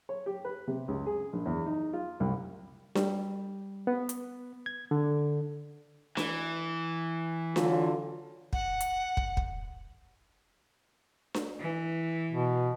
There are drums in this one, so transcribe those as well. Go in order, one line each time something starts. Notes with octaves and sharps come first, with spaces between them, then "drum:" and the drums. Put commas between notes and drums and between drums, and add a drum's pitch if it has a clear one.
C#5
G4
B4
C3
C#2
G#4
A#1
E2
D#4
F4
C2
G3, drum: snare D4
B3
drum: hi-hat
G#6
D3
E3, drum: snare D4
D3 F#3 F4, drum: snare D4
F#5, drum: kick
drum: hi-hat
drum: kick
drum: kick
drum: snare D4
E3
B2